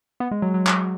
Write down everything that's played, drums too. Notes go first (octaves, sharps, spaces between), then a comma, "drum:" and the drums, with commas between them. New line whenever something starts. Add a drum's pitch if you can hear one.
B3
G#3
F#3
F#3
drum: clap